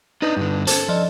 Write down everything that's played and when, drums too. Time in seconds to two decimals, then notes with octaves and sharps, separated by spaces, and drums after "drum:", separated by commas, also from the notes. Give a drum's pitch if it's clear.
0.22 D4 D#4 B4 D#5 G6
0.37 G2 D3
0.67 C#4 A4 C5, drum: hi-hat
0.88 F3 D5 D#5